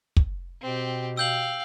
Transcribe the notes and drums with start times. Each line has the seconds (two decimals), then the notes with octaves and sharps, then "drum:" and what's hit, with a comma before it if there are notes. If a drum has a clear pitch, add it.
0.17 drum: kick
0.62 B2 C4 G4
1.17 F5 G5 E6 G6 F#7